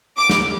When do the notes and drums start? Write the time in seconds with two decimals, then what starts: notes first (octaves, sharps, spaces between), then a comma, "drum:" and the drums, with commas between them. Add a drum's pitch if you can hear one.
0.18 D6
0.30 drum: snare